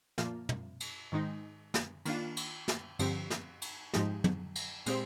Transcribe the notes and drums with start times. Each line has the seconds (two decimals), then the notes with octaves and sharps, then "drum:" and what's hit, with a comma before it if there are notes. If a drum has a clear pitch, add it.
0.18 A#2 F3 A#3 F4, drum: snare
0.49 drum: tom
0.80 drum: cymbal
1.12 G#2 D#3 G#3 D#4
1.74 drum: snare
2.05 D#3 A#3 D4 F4, drum: cymbal
2.37 drum: cymbal
2.68 drum: snare
2.99 G2 D3 F3 C4 G4, drum: cymbal
3.30 drum: snare
3.62 drum: cymbal
3.94 G#2 F3 G#3 D#4 G4, drum: snare
4.24 drum: tom
4.55 drum: cymbal
4.86 A#2 G#3 C4 G4 C5, drum: cymbal